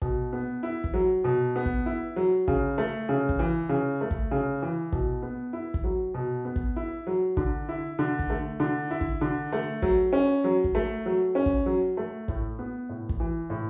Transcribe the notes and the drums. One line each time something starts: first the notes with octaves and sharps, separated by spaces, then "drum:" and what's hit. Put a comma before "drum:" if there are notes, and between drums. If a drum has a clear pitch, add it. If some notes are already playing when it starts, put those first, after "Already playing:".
B2, drum: kick
B3
E4
drum: kick
F#3
B2
B3
drum: kick
E4
F#3
C#3, drum: kick
A3
C#3
drum: kick
E3
C#3
A3
drum: kick
C#3
E3
B2, drum: kick
B3
E4
drum: kick
F#3
B2
B3
drum: kick
E4
F#3
D3, drum: kick
E4
D3
drum: kick
A3
D3
E4
drum: kick
D3
A3
F#3, drum: kick
C#4
F#3
drum: kick
A3
F#3
C#4
drum: kick
F#3
A3
A2, drum: kick
B3
A2
drum: kick
E3
A2